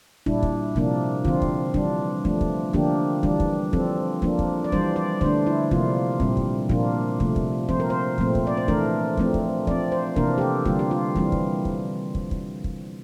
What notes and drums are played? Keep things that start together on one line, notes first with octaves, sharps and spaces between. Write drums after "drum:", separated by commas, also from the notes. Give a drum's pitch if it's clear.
A#2 G3 D4 E4, drum: kick
drum: kick
C3 F3 A#3 D4, drum: kick
D3 F3 C4 F4, drum: kick
drum: kick
E3 G3 D4, drum: kick
F3 A3 D4, drum: kick
drum: kick
D3 F3 A#3 D4 G4, drum: kick
E3 G3 D4, drum: kick
drum: kick
F3 C4 A4, drum: kick
F3 A#3 D4, drum: kick
drum: kick
D5
E3 G3 D4 C5, drum: kick
D5
D3 A3 D4 C5, drum: kick
E4
C3 F3 A#3 F4, drum: kick
A#2 G3 C4, drum: kick
drum: kick
A#2 F3 A#3 D4 F4, drum: kick
C3 F3 A3, drum: kick
drum: kick
F3 C4 C5, drum: kick
A#4
C5
A#2 F3 A3 C4, drum: kick
drum: kick
D5
C5
E3 A3 D4 A#4, drum: kick
F3 A3 C4, drum: kick
drum: kick
F3 C4 D5, drum: kick
C5
C3 E3 A#3 D4 A#4, drum: kick
G4
A4
D3 G3 A#3 F4, drum: kick
G4
F4
E3 G3 C4, drum: kick
drum: kick
drum: kick
drum: kick
drum: kick
drum: kick